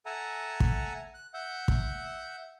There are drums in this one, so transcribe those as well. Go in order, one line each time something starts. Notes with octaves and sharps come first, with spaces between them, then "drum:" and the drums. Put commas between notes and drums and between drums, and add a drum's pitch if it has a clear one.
A4 E5 F#5 G#5 A#5
drum: kick
F#6
E5 F#5 G6
drum: kick